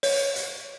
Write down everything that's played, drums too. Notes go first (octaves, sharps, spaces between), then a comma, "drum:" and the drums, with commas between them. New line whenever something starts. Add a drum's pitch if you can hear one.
C#5, drum: open hi-hat
drum: hi-hat